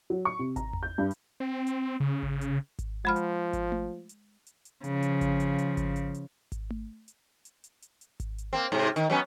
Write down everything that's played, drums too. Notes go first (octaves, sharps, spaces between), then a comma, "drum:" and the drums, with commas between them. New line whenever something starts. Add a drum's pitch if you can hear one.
F#3
C#6
C3
A#5, drum: kick G#1, hi-hat
drum: tom E2
G6
G2
drum: hi-hat
C4
drum: hi-hat
C#3
drum: kick G#1
drum: hi-hat
drum: kick G#1, hi-hat
F3 G#3 B5 F6
drum: hi-hat
drum: kick G#1, hi-hat
drum: tom A3
drum: hi-hat
drum: hi-hat
drum: hi-hat
C#3 F3, drum: hi-hat
drum: hi-hat
drum: kick G#1, hi-hat
drum: hi-hat
drum: hi-hat
drum: kick G#1, hi-hat
drum: hi-hat
drum: hi-hat
drum: kick G#1, hi-hat
drum: tom A3
drum: hi-hat
drum: hi-hat
drum: hi-hat
drum: hi-hat
drum: hi-hat
drum: kick G#1, hi-hat
drum: hi-hat
A#3 C4
G#2 C3
D#3, drum: hi-hat
F#3 B3 C#4